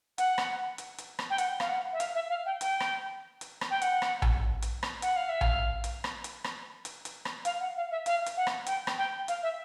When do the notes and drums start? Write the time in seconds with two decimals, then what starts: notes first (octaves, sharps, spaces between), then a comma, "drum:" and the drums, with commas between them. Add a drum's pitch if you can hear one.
0.18 F#5, drum: hi-hat
0.38 drum: rim click
0.78 drum: hi-hat
0.98 drum: hi-hat
1.19 drum: rim click
1.30 G5
1.38 F#5, drum: hi-hat
1.60 F5, drum: rim click
1.69 F#5
1.93 E5
2.00 F5, drum: hi-hat
2.15 E5
2.29 F5
2.46 G5
2.61 G5, drum: hi-hat
2.80 drum: rim click
3.41 drum: hi-hat
3.61 drum: rim click
3.70 G5
3.82 F#5, drum: hi-hat
4.02 drum: rim click
4.22 drum: tom A#1
4.62 drum: hi-hat
4.83 drum: rim click
5.02 F#5, drum: hi-hat
5.16 F5
5.29 E5
5.41 F5, drum: tom A#1
5.84 drum: hi-hat
6.04 drum: rim click
6.24 drum: hi-hat
6.44 drum: rim click
6.85 drum: hi-hat
7.05 drum: hi-hat
7.25 drum: rim click
7.45 F5, drum: hi-hat
7.60 F#5
7.76 F5
7.91 E5
8.06 F5, drum: hi-hat
8.26 drum: hi-hat
8.37 F#5
8.47 drum: rim click
8.66 G5, drum: hi-hat
8.87 drum: rim click
8.98 G5
9.28 F5, drum: hi-hat
9.43 E5